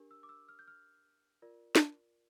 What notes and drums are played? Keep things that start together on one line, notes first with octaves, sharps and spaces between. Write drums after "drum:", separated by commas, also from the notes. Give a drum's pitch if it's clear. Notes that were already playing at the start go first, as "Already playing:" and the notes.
Already playing: D4 G4 A#4
E6
D6
E6
F6
G6
F6
F4 A#4 D5
drum: snare